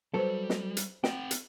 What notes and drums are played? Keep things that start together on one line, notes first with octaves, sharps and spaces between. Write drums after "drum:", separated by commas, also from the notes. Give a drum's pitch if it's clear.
F#3 G3 A4 B4 C5
drum: snare
drum: hi-hat
C4 F#5 G5, drum: snare
drum: hi-hat